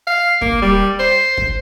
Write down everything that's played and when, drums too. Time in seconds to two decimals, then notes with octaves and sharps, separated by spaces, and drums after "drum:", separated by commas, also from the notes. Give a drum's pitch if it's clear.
0.07 F5
0.41 A#3, drum: kick
0.62 G3
0.99 C5
1.37 drum: kick